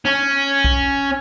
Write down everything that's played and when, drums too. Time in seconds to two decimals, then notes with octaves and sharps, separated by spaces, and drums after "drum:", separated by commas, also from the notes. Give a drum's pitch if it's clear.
0.05 C#4
0.64 drum: kick B1